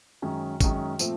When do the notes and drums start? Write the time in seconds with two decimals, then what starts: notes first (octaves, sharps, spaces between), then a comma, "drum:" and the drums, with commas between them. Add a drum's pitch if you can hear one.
0.22 F#2 D#3 G#3 C#4
0.60 F#2 D#3 G#3 C#4, drum: kick, tambourine
0.99 A#2 F3 A3 C4, drum: tambourine